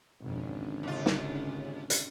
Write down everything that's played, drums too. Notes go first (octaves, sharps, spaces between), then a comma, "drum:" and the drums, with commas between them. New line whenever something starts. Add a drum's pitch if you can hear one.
G#1 F2 B2 D3 C#4 D4
D#2 C#3 F4
drum: snare
drum: hi-hat